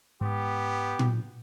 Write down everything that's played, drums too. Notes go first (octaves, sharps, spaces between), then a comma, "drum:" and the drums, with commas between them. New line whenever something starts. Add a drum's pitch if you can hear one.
G#2 B3 G4
drum: tom A#2